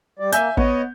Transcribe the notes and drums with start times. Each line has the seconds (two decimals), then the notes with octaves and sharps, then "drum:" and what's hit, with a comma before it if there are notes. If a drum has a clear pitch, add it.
0.19 G3 D5
0.32 A#3 E5 G#5 G6, drum: hi-hat
0.57 B3 C#5 D#5, drum: kick